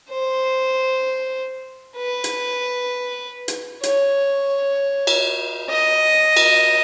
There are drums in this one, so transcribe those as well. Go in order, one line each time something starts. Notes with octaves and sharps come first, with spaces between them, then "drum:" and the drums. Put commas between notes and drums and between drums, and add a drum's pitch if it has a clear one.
C5
B4
drum: hi-hat
drum: hi-hat
C#5, drum: hi-hat
drum: cymbal
D#5
drum: cymbal